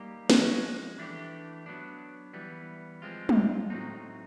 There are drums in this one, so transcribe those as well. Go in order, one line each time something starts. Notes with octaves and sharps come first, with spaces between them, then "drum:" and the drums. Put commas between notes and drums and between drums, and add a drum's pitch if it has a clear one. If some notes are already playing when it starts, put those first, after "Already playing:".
Already playing: G3 A#3 D#4 G4
F3 G#3 C#4 F#4, drum: snare
E3 A3 D4 G4
F#3 B3 D4
E3 G3 B3
F3 G#3 C4 F4
drum: tom
A2 F#3 A3 C4 D#4